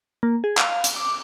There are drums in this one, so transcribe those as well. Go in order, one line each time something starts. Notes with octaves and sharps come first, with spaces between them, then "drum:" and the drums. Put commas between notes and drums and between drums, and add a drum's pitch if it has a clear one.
A#3
G#4
F5, drum: clap
drum: hi-hat
D6